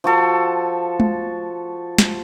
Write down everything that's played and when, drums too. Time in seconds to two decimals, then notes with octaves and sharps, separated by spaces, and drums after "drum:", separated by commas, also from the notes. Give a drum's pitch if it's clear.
0.04 F3 F#4 A4
1.00 drum: tom G#3
1.98 drum: snare